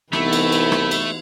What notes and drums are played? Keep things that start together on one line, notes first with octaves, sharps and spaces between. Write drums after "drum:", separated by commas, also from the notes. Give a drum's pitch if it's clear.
C2 E3 A3 B3 D#4 E4, drum: rim click
drum: cymbal
drum: cymbal
drum: rim click
drum: cymbal